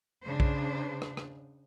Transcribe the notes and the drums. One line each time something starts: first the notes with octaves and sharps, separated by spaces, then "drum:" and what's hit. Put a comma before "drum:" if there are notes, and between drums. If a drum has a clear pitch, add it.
C#3 D4 C5
drum: kick B1
drum: rim click
drum: rim click